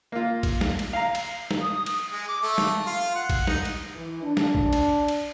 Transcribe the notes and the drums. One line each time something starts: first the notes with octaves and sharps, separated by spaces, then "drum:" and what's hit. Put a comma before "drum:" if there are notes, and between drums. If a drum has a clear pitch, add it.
A#3 F4
drum: kick A#1, cymbal
drum: snare
drum: cymbal
F5 A#5
drum: cymbal
drum: snare
D#6
drum: cymbal
G#3
D6
A3
drum: snare
F4
F#5
drum: kick A#1, cymbal
D#4, drum: snare
drum: cymbal
E3
D4
drum: snare
drum: kick A#1
drum: cymbal
drum: cymbal